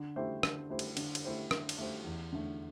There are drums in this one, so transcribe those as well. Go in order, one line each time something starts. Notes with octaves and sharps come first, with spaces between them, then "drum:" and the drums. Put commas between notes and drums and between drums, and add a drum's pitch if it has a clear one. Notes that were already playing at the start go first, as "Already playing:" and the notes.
Already playing: D3
A3 E4 G4 C5
D3, drum: rim click
A3 E4 G4 C5
drum: cymbal
D3, drum: cymbal
drum: cymbal
A3 E4 G4 C5
D3, drum: rim click
drum: cymbal
A3 E4 G4 C5
E2
D3 A3